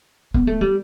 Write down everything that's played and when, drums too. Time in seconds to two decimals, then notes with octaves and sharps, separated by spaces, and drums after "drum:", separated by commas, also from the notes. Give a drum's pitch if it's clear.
0.34 B3, drum: kick
0.47 A3
0.61 G3